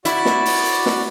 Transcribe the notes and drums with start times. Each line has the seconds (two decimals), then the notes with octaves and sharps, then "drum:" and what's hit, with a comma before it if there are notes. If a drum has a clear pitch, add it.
0.05 E4 F#4 D5, drum: hi-hat
0.25 drum: snare
0.46 drum: open hi-hat
0.66 drum: hi-hat
0.86 drum: snare